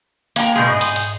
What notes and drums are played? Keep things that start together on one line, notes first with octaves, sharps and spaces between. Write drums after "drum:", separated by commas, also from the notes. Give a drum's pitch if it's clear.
A#3 G5 A#5, drum: hi-hat
B2 G#3 G#4 G6
G#2 D#5
drum: hi-hat
drum: hi-hat